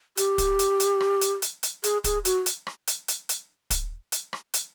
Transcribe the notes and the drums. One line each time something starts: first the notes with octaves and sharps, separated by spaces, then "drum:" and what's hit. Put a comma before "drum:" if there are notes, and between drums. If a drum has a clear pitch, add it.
G4, drum: hi-hat
drum: kick, hi-hat
drum: hi-hat
drum: hi-hat
drum: rim click
drum: hi-hat
drum: hi-hat
drum: hi-hat
G#4, drum: hi-hat
G#4, drum: kick, hi-hat
F#4, drum: hi-hat
drum: hi-hat
drum: rim click
drum: hi-hat
drum: hi-hat
drum: hi-hat
drum: kick, hi-hat
drum: hi-hat
drum: rim click
drum: hi-hat